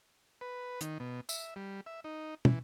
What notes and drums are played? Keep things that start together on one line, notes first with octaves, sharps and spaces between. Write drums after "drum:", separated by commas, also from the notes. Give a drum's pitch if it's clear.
B4
D#3, drum: hi-hat
B2
E5, drum: tambourine
G3
E5
D#4
E3, drum: tom